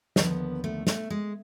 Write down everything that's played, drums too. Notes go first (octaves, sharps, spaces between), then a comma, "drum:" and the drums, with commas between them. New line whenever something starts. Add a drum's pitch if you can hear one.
D#2 D3 F3 B3, drum: snare
A3
A3, drum: snare
G#3